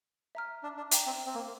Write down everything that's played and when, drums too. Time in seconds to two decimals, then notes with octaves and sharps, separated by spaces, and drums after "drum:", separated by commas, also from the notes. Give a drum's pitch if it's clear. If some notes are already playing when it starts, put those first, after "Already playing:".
0.35 E5 A#5 F6
0.63 D4
0.77 D4
0.91 E5 G5 A#5, drum: hi-hat
1.06 C4
1.26 C4
1.35 A#3